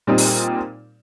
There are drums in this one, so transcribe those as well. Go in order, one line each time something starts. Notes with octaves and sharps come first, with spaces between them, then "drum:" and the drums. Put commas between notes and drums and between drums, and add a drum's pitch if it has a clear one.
A#2 G3 C4 D#4
drum: open hi-hat